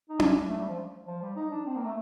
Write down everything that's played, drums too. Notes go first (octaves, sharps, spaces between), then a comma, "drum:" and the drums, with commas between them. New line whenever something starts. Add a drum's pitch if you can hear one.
D#4
D4, drum: tom C#4
A3
G3
F3
F3
G3
D#4
D4
C4
A#3
A3